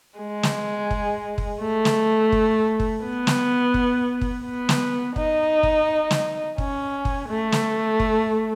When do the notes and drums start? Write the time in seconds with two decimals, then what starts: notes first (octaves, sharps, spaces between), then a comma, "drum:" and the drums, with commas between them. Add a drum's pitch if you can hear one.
0.19 G#3
0.43 drum: snare
0.91 drum: kick
1.38 drum: kick
1.61 A3
1.85 drum: snare
2.32 drum: kick
2.80 drum: kick
3.04 B3
3.27 drum: snare
3.74 drum: kick
4.21 drum: kick
4.44 B3
4.69 drum: snare
5.16 D#4, drum: kick
5.63 drum: kick
6.11 drum: snare
6.58 C#4, drum: kick
7.05 drum: kick
7.29 A3
7.52 drum: snare
8.00 drum: kick